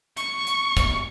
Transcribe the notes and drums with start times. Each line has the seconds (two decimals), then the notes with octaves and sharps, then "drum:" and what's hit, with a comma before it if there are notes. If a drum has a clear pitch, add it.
0.17 C#6, drum: hi-hat
0.47 drum: hi-hat
0.77 drum: kick, hi-hat